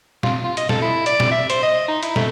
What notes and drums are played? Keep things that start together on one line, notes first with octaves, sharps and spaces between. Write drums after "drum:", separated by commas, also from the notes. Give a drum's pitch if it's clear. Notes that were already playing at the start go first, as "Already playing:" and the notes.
F4, drum: snare
F4
D#5, drum: hi-hat
A4, drum: snare
E4
D5, drum: hi-hat
drum: snare
E5
C5, drum: hi-hat
D#5
D#4
E4, drum: hi-hat
A3, drum: snare